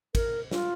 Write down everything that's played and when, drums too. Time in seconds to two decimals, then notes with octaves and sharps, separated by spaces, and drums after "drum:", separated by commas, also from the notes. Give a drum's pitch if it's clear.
0.15 A#4, drum: kick, cymbal
0.51 F4, drum: snare